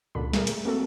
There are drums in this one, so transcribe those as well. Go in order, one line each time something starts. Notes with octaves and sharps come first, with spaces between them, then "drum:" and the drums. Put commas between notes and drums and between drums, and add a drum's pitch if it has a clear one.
C#2 A#2 D3 B5
G3 A3 G#4 A#4, drum: snare
drum: hi-hat
A#3 C4 F#4 A4